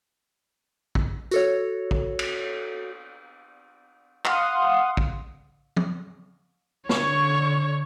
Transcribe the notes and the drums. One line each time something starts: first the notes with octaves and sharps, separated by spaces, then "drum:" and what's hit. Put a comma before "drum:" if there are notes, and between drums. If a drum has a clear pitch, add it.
drum: kick
F#4 A4 C#5, drum: tambourine
drum: kick
drum: cymbal
F5 F#5 C6 D#6, drum: clap
drum: kick
drum: tom
D3 C#5 C#6, drum: snare